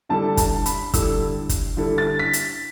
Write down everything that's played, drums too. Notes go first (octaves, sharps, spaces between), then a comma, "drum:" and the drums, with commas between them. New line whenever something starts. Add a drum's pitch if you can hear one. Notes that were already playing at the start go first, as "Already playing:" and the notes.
D3 G3 E4 A4 A5
A5, drum: kick, hi-hat
B5, drum: hi-hat
D3 G3 E4 A4 E6, drum: kick, hi-hat
drum: kick, hi-hat
D3 G3 E4 A4
A6
B6
drum: hi-hat